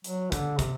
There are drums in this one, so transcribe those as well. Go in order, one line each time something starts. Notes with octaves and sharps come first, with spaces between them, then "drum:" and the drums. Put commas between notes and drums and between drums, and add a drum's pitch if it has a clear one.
F#3, drum: hi-hat
D3, drum: kick, hi-hat
C3, drum: kick, hi-hat